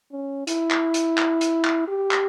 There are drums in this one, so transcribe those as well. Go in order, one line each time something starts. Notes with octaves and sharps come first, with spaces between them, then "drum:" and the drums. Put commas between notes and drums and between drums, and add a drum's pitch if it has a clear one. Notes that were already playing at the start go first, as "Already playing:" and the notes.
C#4
E4, drum: hi-hat
drum: clap
drum: hi-hat
drum: clap
drum: hi-hat
drum: clap
G4
drum: clap